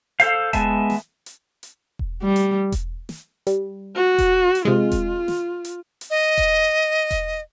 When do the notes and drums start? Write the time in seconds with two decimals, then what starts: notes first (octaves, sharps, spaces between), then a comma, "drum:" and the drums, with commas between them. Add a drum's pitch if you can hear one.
0.20 A4 C5 F5, drum: hi-hat
0.53 G#3 B3 E5 A5, drum: kick E1, hi-hat
0.90 drum: snare
1.26 drum: hi-hat
1.63 drum: hi-hat
1.99 drum: kick E1
2.22 G3
2.36 drum: hi-hat
2.72 drum: kick E1, hi-hat
3.09 drum: snare
3.47 G3, drum: hi-hat
3.95 F#4
4.18 drum: kick E1, hi-hat
4.55 drum: hi-hat
4.65 C3 G#3 F4
4.91 drum: kick E1, hi-hat
5.28 drum: snare
5.65 drum: hi-hat
6.01 drum: hi-hat
6.10 D#5
6.38 drum: kick E1, hi-hat
7.11 drum: kick E1, hi-hat